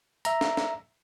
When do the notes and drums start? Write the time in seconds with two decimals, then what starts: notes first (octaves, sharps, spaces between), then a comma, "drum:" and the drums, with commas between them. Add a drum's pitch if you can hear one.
0.25 E5 A#5, drum: hi-hat
0.41 drum: snare
0.57 drum: snare